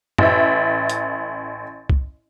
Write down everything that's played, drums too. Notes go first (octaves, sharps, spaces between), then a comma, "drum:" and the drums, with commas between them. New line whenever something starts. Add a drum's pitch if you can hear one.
A1 E5, drum: tom F#2
drum: hi-hat
drum: kick C2